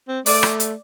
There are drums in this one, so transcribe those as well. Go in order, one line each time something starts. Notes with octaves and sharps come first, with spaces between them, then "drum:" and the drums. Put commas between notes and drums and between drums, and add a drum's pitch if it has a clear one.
C4
A3 D5, drum: open hi-hat
drum: rim click
drum: hi-hat